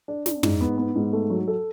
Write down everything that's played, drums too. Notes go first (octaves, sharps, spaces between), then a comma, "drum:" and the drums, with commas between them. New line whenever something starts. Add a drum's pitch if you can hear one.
D4
D4, drum: snare
G#2, drum: tom
B3
B3
G#2
A3
F#3
A4